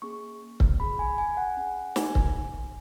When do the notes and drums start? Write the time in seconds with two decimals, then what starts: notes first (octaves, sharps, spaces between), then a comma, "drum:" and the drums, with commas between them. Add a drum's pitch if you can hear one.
0.02 A#3 C#4 G#4 C#6
0.60 drum: kick C#1
0.79 C#4 G#4 B5
0.99 G#5
1.18 G#5
1.37 F#5
1.57 C#4 G#4
1.96 G#5, drum: snare
2.15 drum: kick C#1